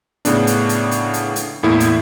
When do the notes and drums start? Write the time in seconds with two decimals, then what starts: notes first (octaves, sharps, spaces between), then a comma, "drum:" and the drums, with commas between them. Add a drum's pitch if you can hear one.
0.25 A2 C#3 B3 D4, drum: hi-hat
0.47 drum: hi-hat
0.69 drum: hi-hat
0.91 drum: hi-hat
1.14 drum: hi-hat
1.36 drum: hi-hat
1.63 E2 A2 A#3 E4
1.80 drum: hi-hat